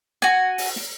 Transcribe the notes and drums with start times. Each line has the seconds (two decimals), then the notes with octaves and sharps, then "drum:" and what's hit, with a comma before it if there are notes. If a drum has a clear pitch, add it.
0.22 F#4 G#5, drum: snare
0.58 drum: open hi-hat
0.76 drum: snare